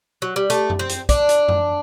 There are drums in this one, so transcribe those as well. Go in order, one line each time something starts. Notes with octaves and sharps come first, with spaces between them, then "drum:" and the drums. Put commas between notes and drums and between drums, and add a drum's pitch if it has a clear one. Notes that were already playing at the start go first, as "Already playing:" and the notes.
F#3
G3
A3, drum: hi-hat
drum: tom F#2
C4
drum: hi-hat
D4, drum: kick, hi-hat
drum: hi-hat
drum: tom F#2